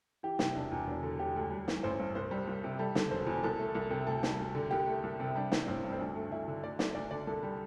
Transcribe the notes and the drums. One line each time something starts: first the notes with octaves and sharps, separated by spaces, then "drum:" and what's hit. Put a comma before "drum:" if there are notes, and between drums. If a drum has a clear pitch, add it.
E3 G4
C3, drum: snare
E1 D4
E2
E1 D4
D3
E1 G4
D2
G3
E3, drum: snare
A1 C5
G2
C2 C5
G3
C2
C3
G3 A4
D3, drum: snare
E1 C5
E2
C2 A4
A3
C2
C3
D2 A4
G3, drum: snare
D2
D3
C2 G4
A3
C2
C3
G3 D4
E3, drum: snare
A1 C4
G2
C4
D2 D4
A3
D2 E4
D3
D2 D5
A3 D5, drum: snare
D2 D5
D3 D5
C2 A4
G3